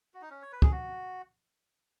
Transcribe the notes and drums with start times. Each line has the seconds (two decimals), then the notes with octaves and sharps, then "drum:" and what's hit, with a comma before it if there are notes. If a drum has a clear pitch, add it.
0.14 F#4
0.22 D#4
0.30 C#4
0.42 C#5
0.52 B4
0.62 G#4, drum: kick
0.72 F#4